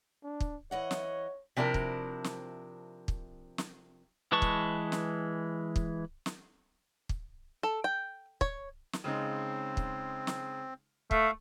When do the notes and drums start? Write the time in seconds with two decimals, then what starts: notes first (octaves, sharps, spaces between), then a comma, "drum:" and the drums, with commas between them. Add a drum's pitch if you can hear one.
0.23 D4
0.40 drum: kick
0.71 E3 C#5 D#5 F#5
0.91 drum: snare
1.57 C3 F3 D4 E4 A#4
1.74 drum: kick
2.24 drum: snare
3.08 drum: kick
3.58 drum: snare
4.32 E3 G#3 B4 A5 C#6
4.42 drum: kick
4.92 drum: snare
5.76 drum: kick
6.26 drum: snare
7.09 drum: kick
7.63 A4
7.84 G5
8.41 C#5, drum: kick
8.93 drum: snare
9.04 C#3 G#3 C4 D#4
9.77 drum: kick
10.27 drum: snare
11.11 A3 E5 F5, drum: kick